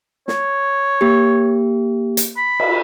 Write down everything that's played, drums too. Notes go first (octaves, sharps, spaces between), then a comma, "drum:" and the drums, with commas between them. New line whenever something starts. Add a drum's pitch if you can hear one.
C#5, drum: snare
A#3 G4
drum: hi-hat
B5
drum: cymbal